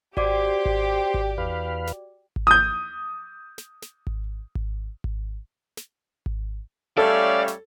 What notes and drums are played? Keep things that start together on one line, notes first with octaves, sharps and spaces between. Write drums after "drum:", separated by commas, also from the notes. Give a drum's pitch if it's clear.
F#4 G4 C5 D5 D6, drum: kick G#1
drum: kick G#1
drum: kick G#1
E2 B4 F5
drum: snare
drum: kick G#1
D#6 G6
drum: snare
drum: snare
drum: kick G#1
drum: kick G#1
drum: kick G#1
drum: snare
drum: kick G#1
G3 A3 C#4 A4 C#5 D5 E5 F5
drum: snare